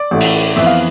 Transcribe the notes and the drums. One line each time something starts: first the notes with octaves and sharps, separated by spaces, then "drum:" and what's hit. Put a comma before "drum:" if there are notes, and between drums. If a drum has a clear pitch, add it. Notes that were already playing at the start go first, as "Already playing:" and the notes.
Already playing: D5
A1 A2 E3 A3
drum: open hi-hat
F2 E3 B3 E5
F5